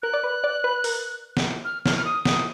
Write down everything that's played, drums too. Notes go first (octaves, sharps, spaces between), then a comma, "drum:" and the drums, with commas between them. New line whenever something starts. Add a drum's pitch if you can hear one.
A#4 F#6
D5
B4
D5
B4
A#4, drum: open hi-hat
drum: snare
F6
F6, drum: snare
F6
D#6
D#6, drum: snare